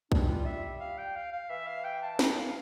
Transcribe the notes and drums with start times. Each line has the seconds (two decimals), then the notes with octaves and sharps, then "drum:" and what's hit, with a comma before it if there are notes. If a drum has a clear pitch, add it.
0.12 G3 D4, drum: kick B1
0.28 F4
0.46 E5
0.80 F5
0.98 G5
1.16 F5
1.32 F5
1.50 E3 E5
1.67 F5
1.84 G5
2.03 A5
2.19 A5, drum: snare
2.37 F5